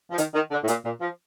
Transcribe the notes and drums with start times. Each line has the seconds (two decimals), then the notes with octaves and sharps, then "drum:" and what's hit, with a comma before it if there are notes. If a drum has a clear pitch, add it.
0.11 F3
0.18 D#3, drum: hi-hat
0.33 D#3
0.51 D3
0.62 A2
0.68 A#2, drum: hi-hat
0.84 A#2
1.01 F3